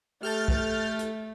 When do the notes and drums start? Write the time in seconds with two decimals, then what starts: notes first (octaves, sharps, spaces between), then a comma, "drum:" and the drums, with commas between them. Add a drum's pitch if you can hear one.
0.23 A3 G4 A4 A5 F6 G6 A6
0.48 drum: kick
0.99 drum: hi-hat